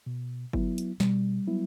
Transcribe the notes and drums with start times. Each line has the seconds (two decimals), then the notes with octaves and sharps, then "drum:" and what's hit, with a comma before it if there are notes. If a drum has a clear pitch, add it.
0.06 B2
0.53 F#3 B3 E4, drum: kick G1
0.78 drum: hi-hat
1.00 B2 G3, drum: snare
1.48 F#3 B3 E4